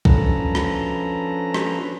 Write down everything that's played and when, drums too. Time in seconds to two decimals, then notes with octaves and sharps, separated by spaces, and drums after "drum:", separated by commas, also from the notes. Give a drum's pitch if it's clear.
0.05 F3 C#4 D4 A4 B4 A#5, drum: kick B1
0.55 drum: rim click
1.54 drum: rim click